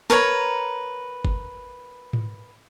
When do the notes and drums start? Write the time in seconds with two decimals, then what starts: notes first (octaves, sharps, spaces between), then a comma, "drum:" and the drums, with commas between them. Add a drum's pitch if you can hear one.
0.10 A#4 B4 C#5 A#5, drum: snare
1.25 drum: kick G1
2.13 drum: tom G#2